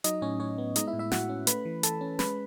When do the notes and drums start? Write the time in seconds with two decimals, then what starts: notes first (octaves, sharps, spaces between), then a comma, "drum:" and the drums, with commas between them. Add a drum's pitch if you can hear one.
0.04 F#3 D#4 D#5, drum: hi-hat
0.22 A2 C#4 C#5
0.40 A2 C#4 C#5
0.58 B3
0.76 G#3 D#4 D#5, drum: hi-hat
0.87 E4 E5
0.93 A2
0.99 E4 E5
1.12 A2 F#4 F#5, drum: snare
1.29 C#4
1.47 A3 B4 B5, drum: hi-hat
1.65 E3
1.83 E3 A4 A5, drum: hi-hat
2.01 C#4
2.19 G#3 B4 B5, drum: snare